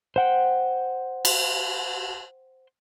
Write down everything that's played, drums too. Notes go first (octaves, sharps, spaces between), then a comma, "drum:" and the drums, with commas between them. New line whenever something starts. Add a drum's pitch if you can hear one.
C5 F#5 G5
drum: cymbal